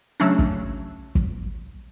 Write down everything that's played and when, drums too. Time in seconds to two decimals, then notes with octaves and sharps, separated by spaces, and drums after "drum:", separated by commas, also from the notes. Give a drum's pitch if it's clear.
0.20 C#3 F#3 A3 C#4 D4
0.39 drum: kick
1.15 drum: kick